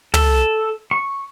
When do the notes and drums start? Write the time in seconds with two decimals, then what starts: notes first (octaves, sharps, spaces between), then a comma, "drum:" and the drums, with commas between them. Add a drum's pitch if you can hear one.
0.14 A4, drum: tom
0.91 C#6